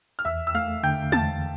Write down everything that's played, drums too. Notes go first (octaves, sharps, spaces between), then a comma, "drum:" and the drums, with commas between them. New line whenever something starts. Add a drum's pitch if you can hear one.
F6
E2 E5 E6
E6
A3 F5 F6
D3 G5 G6
E2 A5 A6, drum: tom G#3